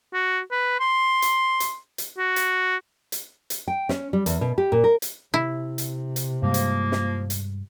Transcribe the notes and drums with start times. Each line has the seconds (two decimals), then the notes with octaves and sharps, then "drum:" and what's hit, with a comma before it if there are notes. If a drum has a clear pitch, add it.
0.13 F#4
0.51 B4
0.80 C6
1.22 drum: hi-hat
1.60 drum: hi-hat
1.98 drum: hi-hat
2.18 F#4
2.36 drum: hi-hat
3.12 drum: hi-hat
3.50 drum: hi-hat
3.68 G5
3.89 C#4, drum: snare
4.13 G3
4.26 E2, drum: hi-hat
4.41 B2
4.58 G4
4.72 A#2
4.84 A#4
5.02 drum: hi-hat
5.34 C3 E4
5.78 drum: hi-hat
6.16 drum: hi-hat
6.42 G2 F3 G3 G#3 A#3
6.54 drum: hi-hat
6.92 drum: snare
7.30 drum: hi-hat